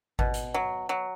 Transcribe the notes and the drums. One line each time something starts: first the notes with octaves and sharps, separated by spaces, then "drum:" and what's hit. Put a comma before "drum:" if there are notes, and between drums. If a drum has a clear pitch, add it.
B2, drum: kick G#1
drum: hi-hat
F#3
F#3